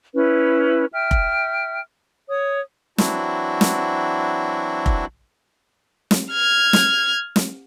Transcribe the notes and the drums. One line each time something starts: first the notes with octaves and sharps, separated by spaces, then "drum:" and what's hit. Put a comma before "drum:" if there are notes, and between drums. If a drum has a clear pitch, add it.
C#4 E4 B4
E5 G5 F6
drum: kick F1
C#5 D#6
E3 F#3 C4 D4 E4 F#4, drum: snare
drum: snare
drum: kick F1
drum: snare
F6 G#6
drum: snare
drum: snare